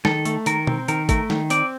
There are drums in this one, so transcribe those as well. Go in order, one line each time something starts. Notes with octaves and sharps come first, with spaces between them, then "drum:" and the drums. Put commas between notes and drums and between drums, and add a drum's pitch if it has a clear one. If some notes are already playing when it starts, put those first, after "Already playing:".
D#3 A4, drum: snare
A3, drum: hi-hat
D#3 A#4, drum: hi-hat
C4, drum: tom B2
D#3 A#4, drum: hi-hat
A3 A#4, drum: kick, hi-hat
D#3, drum: snare
C4 D5, drum: hi-hat